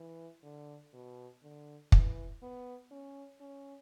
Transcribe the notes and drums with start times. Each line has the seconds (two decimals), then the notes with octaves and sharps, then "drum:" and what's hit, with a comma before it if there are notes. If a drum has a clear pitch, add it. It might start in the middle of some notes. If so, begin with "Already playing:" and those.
Already playing: E3
0.43 D3
0.93 B2
1.43 D3
1.92 E3, drum: kick
2.42 B3
2.91 C#4
3.41 C#4